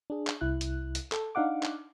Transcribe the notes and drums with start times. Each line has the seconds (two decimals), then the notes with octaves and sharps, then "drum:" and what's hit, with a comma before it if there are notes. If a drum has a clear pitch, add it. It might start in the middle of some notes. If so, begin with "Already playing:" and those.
0.10 D4 G#4
0.27 drum: clap
0.41 C2 E4 F#6
0.61 drum: hi-hat
0.95 drum: hi-hat
1.12 A4, drum: clap
1.35 D4 D#4 F5 F#5 D6
1.63 drum: clap